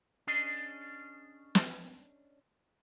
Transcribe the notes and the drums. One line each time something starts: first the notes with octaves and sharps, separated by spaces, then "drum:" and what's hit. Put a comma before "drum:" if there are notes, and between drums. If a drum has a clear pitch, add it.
C#4 D4 G#4 D#5
drum: snare